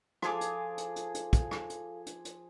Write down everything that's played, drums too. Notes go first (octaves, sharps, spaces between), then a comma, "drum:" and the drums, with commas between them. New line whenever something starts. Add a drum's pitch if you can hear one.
F3 G#4 A4 F5 G#5 D6, drum: rim click
drum: hi-hat
drum: hi-hat
drum: hi-hat
drum: hi-hat
drum: kick, hi-hat
drum: rim click
drum: hi-hat
drum: hi-hat
drum: hi-hat